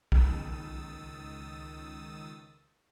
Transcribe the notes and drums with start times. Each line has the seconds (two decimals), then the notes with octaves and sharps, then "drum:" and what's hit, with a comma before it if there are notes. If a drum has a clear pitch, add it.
0.12 C#2 D#3 D#6 E6 A6, drum: kick